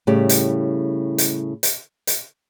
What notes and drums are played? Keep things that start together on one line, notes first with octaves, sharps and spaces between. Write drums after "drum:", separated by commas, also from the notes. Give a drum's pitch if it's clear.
A2 C#3 G3 G4
drum: hi-hat
drum: hi-hat
drum: hi-hat
drum: hi-hat